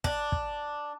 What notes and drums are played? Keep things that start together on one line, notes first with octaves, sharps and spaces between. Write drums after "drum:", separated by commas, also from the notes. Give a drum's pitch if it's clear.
D4, drum: kick
drum: kick